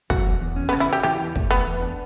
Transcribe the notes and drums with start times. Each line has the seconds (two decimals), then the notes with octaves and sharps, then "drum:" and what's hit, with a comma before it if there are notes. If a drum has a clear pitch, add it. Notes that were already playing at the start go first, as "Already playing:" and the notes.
0.10 F#3 F#4, drum: kick
0.25 E2
0.41 E2
0.56 C#4
0.69 B3
0.73 C#3, drum: rim click
0.80 E4
0.89 F#4 G4
1.03 E3 G4, drum: rim click
1.20 E2
1.36 A3, drum: kick
1.51 A3 B3
1.67 E2
1.82 D4